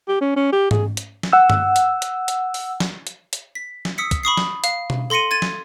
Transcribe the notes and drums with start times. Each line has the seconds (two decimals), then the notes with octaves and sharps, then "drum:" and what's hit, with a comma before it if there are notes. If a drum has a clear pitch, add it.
0.08 G4
0.21 C#4
0.36 C#4
0.52 G4
0.71 G#4, drum: tom G#2
0.97 drum: hi-hat
1.23 drum: snare
1.33 F#5 E6
1.50 drum: tom G2
1.76 drum: hi-hat
2.02 drum: hi-hat
2.28 drum: hi-hat
2.54 drum: open hi-hat
2.80 drum: snare
3.07 drum: hi-hat
3.33 drum: hi-hat
3.55 B6
3.85 drum: snare
3.98 D#6 E6 B6 C#7
4.11 drum: kick, hi-hat
4.23 B5 C#6 D#6 C7
4.37 drum: snare
4.64 F5, drum: hi-hat
4.90 drum: tom B2
5.10 A4 C6 A#6 C#7 D#7
5.31 G#6 A6 D#7
5.42 drum: snare